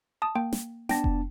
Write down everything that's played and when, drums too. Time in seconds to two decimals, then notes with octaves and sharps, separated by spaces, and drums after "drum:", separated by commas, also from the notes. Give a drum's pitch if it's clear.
0.22 A5 D#6
0.35 A#3 G5
0.53 drum: snare
0.89 B3 D4 G5 A5 A#6, drum: snare
1.04 drum: kick F1